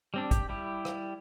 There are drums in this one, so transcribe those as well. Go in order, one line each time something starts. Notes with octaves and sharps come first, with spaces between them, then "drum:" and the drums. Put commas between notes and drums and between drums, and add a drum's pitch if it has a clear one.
G3 C4 D4
G4, drum: kick, hi-hat
G3 E4 G4
drum: rim click